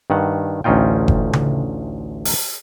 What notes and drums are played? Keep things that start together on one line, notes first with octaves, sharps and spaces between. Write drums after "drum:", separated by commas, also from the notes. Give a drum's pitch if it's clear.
G2 D#3 F#5
A1 D2 C#4 D#4 F4 G5
drum: kick F#1
drum: tom C#3
drum: open hi-hat